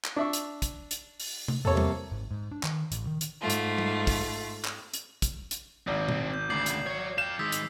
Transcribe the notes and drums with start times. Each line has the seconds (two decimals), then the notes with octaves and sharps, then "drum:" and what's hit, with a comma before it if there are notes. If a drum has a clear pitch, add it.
0.05 drum: clap
0.16 D4 E5 C#6
0.33 drum: hi-hat
0.62 drum: kick, hi-hat
0.91 drum: hi-hat
1.20 drum: open hi-hat
1.48 drum: tom C3
1.65 E2 C3 A#3 A4 C#5
1.77 drum: tom G3
2.12 G#1
2.31 G#2
2.52 D4
2.63 D#3, drum: clap
2.92 A1, drum: hi-hat
3.07 D#3
3.21 drum: hi-hat
3.40 G#2 A3 F4
3.50 drum: hi-hat
3.78 drum: tom G3
4.07 drum: kick, open hi-hat
4.65 drum: clap
4.94 drum: hi-hat
5.22 drum: kick, hi-hat
5.51 drum: hi-hat
5.87 G#1 C4 D4
6.09 drum: tom B2
6.34 G6
6.50 D2 C#3 D6 C7 F#7
6.66 drum: hi-hat
6.86 F#4 C#5
7.18 F5 G5 G6 E7
7.39 D#3 G#3 D#6 E6 B6
7.52 drum: hi-hat